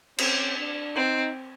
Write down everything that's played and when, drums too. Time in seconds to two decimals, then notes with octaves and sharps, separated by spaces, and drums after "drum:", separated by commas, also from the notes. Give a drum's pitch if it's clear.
0.18 C4 C#4, drum: cymbal
0.58 D4
0.95 C4 D#4